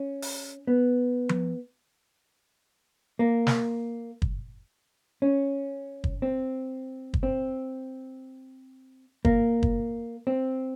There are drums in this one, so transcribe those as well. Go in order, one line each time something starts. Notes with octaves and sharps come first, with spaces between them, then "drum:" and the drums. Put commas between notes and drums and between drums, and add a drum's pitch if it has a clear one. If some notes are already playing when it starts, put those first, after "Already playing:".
Already playing: C#4
drum: open hi-hat
B3
drum: tom F3
A#3
drum: snare
drum: kick
C#4
drum: kick
C4
drum: kick
C4
A#3, drum: kick
drum: kick
C4